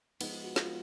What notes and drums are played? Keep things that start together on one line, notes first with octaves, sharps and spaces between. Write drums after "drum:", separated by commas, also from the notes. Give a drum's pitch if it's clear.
F3 G#3 B3 D#4, drum: cymbal
F4
F#4
F4, drum: snare